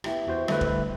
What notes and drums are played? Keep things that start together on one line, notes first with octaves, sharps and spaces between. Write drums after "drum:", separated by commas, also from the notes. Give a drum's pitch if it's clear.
B3 E4 G4, drum: rim click
E2 F#4 C5
D3 G3 A3 B4, drum: rim click
drum: kick